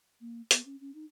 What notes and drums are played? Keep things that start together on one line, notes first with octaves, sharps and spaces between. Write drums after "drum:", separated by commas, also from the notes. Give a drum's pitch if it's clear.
A#3
B3, drum: hi-hat
C#4
C#4
D#4